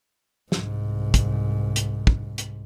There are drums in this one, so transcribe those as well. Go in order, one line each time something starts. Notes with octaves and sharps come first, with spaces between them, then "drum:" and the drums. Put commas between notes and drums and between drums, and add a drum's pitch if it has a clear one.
C2 G#2, drum: snare
drum: kick, hi-hat
drum: hi-hat
drum: kick
drum: hi-hat